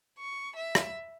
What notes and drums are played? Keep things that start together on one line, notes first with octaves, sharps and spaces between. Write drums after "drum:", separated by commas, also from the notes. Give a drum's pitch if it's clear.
C#6
E5
drum: rim click